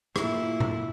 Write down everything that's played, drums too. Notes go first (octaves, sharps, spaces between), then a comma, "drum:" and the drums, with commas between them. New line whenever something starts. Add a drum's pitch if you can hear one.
A#2 E4, drum: rim click
drum: tom A#2